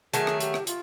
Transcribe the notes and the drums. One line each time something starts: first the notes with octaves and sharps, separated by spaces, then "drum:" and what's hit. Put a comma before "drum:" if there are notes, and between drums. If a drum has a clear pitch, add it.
D#3 F#3 A3 G#4, drum: hi-hat
drum: rim click
G4, drum: hi-hat
drum: rim click
F4, drum: hi-hat